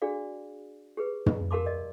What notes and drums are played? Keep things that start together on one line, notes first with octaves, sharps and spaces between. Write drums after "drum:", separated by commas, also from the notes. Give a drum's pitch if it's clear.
D4 F#4 G#4 D5 F5
G4 G#4 B4
drum: tom
G4 A#4 F5 A5 C6 D6
D5 D#5